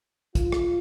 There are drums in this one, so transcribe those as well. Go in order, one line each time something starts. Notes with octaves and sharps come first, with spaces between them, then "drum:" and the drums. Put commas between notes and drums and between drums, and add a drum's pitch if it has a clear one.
F4, drum: kick, hi-hat
drum: rim click